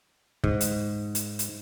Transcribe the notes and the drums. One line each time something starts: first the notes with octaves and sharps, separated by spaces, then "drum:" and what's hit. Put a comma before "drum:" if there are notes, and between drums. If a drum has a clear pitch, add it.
G#2, drum: kick
drum: hi-hat
drum: hi-hat
drum: hi-hat